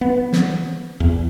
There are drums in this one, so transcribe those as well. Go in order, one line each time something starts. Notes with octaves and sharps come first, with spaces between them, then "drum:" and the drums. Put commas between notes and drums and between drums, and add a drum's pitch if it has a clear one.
B3
drum: snare
E2